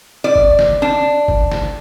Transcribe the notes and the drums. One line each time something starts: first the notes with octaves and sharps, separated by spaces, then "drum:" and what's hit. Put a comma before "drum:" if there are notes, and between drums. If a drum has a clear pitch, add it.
D5
drum: kick G1
drum: snare
D4
drum: kick G1
drum: snare